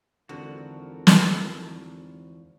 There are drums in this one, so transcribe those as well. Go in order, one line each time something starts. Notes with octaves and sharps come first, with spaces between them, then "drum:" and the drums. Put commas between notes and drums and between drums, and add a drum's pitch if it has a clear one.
G#1 E2 D3 F3 F#4 A4 A#4
drum: snare